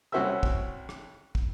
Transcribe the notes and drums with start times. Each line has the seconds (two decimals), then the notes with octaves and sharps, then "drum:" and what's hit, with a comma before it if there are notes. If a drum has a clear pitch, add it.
0.12 C2 C#4 F#4 C5 E5 E6
0.43 drum: kick
0.89 drum: rim click
1.35 drum: kick